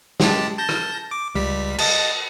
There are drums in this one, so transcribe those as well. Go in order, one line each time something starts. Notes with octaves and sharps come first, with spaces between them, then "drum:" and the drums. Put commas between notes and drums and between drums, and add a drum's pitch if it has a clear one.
G#3 G4 A5, drum: snare
A5 G6 A#6
drum: rim click
D6
C#2 G3 B6
D#5 A5, drum: cymbal